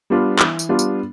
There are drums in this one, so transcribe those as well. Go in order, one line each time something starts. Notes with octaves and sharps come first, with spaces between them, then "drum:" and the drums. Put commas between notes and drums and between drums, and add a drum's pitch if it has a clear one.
G3 B3 D4 F4
E3, drum: clap
drum: tambourine
G3 B3 D4 F4
drum: tambourine